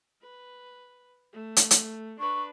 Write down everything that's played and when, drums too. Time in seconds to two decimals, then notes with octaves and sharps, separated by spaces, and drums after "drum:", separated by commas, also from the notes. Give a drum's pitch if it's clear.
0.22 B4
1.33 A3
1.57 drum: hi-hat
1.71 drum: hi-hat
2.20 D4 B4 C#6